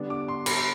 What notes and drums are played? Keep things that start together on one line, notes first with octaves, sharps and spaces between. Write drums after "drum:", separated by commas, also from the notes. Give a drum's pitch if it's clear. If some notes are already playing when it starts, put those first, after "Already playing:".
Already playing: D3 G3 B3 D4
D6
C6
B5, drum: cymbal